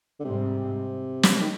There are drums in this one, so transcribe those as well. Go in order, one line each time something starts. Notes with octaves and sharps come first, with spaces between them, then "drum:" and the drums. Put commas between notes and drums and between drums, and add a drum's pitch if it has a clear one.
D3
G#2 C3 G3 C4
drum: snare
D#3